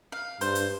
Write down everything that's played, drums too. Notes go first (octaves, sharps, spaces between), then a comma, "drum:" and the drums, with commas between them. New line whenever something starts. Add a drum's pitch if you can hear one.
F5
G2 C5, drum: hi-hat
drum: hi-hat